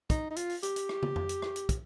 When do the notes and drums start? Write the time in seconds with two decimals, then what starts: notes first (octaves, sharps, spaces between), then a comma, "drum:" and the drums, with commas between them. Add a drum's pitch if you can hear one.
0.10 D#4, drum: kick, hi-hat
0.30 D#4
0.36 F4, drum: hi-hat
0.49 drum: open hi-hat
0.63 G4, drum: hi-hat
0.76 drum: hi-hat
0.89 drum: rim click
1.03 drum: tom
1.16 drum: tom F2
1.29 drum: hi-hat
1.42 drum: rim click
1.56 drum: hi-hat
1.69 drum: kick, hi-hat